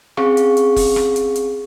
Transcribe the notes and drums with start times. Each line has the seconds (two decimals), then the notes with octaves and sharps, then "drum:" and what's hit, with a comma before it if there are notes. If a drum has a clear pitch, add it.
0.17 C4 C#4 G#4 F5 C#6, drum: rim click
0.37 drum: hi-hat
0.57 drum: hi-hat
0.76 drum: kick F1, open hi-hat
0.96 drum: rim click
1.16 drum: hi-hat
1.36 drum: hi-hat